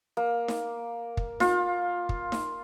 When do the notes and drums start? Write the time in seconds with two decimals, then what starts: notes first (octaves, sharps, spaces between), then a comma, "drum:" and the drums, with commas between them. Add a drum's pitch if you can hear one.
0.17 A#3
0.48 drum: snare D#4
1.17 drum: kick
1.40 F4, drum: snare D#4
2.09 drum: kick
2.32 drum: snare D#4